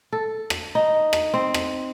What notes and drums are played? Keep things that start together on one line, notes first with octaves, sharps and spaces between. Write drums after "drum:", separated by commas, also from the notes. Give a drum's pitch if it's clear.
A4
drum: rim click
D#4
drum: rim click
C4
drum: rim click